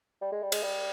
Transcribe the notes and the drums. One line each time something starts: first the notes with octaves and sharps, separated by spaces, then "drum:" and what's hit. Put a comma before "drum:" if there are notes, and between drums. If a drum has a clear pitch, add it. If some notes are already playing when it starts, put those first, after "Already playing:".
G3
G#3
G3
G#3, drum: cymbal
G3